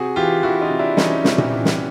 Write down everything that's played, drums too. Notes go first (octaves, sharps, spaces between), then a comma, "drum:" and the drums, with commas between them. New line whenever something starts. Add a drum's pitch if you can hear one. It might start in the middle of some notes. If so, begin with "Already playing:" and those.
Already playing: C3 F#4 G#4
E3 F4 G4
E3 E4 F#4
D#4 F4
C3
D4 E4
E3 C#4 D#4, drum: snare
C3, drum: snare
drum: tom A#2
E3
drum: snare